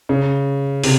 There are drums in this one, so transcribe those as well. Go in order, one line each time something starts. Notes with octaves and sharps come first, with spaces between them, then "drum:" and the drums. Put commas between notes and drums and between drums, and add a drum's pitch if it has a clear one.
C#3
C3, drum: open hi-hat